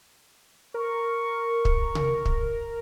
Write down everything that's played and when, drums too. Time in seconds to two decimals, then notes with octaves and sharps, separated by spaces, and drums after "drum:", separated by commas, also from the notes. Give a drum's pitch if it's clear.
0.74 A#4 C#6
1.65 drum: kick
1.95 drum: tom C3
2.25 drum: kick